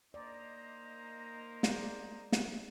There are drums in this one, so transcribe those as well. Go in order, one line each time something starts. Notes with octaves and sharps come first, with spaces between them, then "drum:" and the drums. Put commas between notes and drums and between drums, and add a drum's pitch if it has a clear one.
A#3 D#4 C5 D5 D#5 A#5
G#3 D5 F5, drum: snare
drum: snare